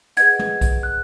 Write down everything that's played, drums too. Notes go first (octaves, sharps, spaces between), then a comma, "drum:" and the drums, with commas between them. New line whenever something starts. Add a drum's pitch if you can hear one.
G#4 B4 D#5 F#5 G#6, drum: hi-hat
drum: tom
drum: kick B1, hi-hat
F#6